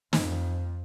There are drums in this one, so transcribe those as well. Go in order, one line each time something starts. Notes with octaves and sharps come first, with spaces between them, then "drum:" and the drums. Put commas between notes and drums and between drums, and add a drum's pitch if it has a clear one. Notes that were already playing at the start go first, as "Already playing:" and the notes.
F2, drum: snare